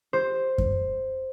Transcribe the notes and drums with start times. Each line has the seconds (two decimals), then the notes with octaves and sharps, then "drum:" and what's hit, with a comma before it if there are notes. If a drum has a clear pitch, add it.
0.13 C5
0.58 drum: kick F#2